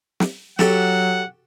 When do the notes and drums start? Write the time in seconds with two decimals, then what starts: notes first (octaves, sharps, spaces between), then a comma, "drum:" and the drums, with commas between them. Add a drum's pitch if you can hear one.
0.20 drum: snare
0.59 F#3 F#4 G4 A4 F#5, drum: snare